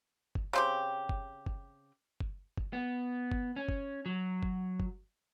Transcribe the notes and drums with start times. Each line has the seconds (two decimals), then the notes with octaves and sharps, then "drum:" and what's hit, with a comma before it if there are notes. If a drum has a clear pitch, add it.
0.35 drum: kick F#1
0.53 C#3 C4 G4
1.09 drum: kick F#1
1.46 drum: kick F#1
2.20 drum: kick F#1
2.57 drum: kick F#1
2.73 B3
3.32 drum: kick F#1
3.56 C#4
3.69 drum: kick F#1
4.06 F#3
4.43 drum: kick F#1
4.80 drum: kick F#1